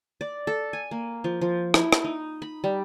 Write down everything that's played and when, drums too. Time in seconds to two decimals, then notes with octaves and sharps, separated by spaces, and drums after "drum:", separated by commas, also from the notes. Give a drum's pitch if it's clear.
0.21 D5
0.47 A4
0.73 G#5
0.91 A#3
1.24 F3
1.41 F3
1.74 E4, drum: rim click
1.93 drum: rim click
2.04 D#4
2.42 B5
2.64 G3